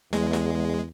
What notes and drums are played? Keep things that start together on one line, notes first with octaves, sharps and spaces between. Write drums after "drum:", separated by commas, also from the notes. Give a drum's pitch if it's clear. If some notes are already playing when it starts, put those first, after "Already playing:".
E2 G#3, drum: snare
drum: snare